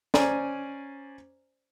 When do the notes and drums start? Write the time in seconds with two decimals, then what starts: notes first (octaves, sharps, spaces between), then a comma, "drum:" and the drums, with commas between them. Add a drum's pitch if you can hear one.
0.14 C#4 C5 D5 G#5 A#5, drum: snare